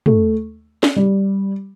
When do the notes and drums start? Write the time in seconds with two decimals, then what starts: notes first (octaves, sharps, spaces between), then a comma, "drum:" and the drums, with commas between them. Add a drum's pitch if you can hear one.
0.06 A3, drum: tom
0.83 drum: snare
0.96 G3